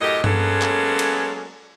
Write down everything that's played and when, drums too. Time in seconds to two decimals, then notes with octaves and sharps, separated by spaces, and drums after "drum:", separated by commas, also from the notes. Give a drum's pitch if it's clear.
0.01 F#2 A2 G4 D#5
0.24 F#3 G#3 A#3 B3 C#4 A4, drum: tom G2
0.61 drum: clap
0.99 drum: cymbal